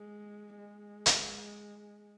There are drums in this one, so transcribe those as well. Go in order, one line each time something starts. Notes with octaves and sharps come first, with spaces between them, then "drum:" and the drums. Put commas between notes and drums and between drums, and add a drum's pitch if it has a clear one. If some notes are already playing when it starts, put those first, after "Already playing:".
Already playing: G#3
G#3
drum: hi-hat